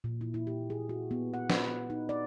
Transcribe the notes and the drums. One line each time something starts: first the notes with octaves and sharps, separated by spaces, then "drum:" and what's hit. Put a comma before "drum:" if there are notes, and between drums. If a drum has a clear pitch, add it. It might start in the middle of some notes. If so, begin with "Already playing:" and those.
A#2
E4
E4
G4
G#4
F#4
B3
F#5
B4, drum: snare
D#4
D5